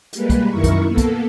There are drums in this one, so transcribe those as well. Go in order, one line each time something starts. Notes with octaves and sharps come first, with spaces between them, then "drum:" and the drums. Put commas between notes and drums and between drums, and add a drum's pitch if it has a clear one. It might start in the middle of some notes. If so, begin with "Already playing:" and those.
G3 G#3 A#3 B4, drum: hi-hat
drum: kick, hi-hat
F#2 D#3 E4 A#4 C#6
drum: kick, hi-hat
A#3 B3 A4
drum: kick, hi-hat